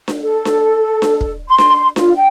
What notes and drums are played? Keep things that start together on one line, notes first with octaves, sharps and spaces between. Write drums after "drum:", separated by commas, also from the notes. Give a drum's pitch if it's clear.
drum: snare D4
A4
drum: snare D4
drum: snare D4
drum: kick
C6
drum: snare D4
F4, drum: snare D4
G5